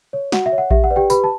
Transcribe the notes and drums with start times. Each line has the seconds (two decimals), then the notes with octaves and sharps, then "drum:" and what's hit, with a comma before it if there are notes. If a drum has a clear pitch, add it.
0.13 C#5
0.32 F#4 F#5, drum: snare
0.46 E5
0.52 C#5
0.58 F#5
0.71 G4 E5, drum: kick A#1
0.84 F#5
0.90 B4 D5
0.96 G4 G5
1.10 G4 B4 B5, drum: tambourine
1.24 A5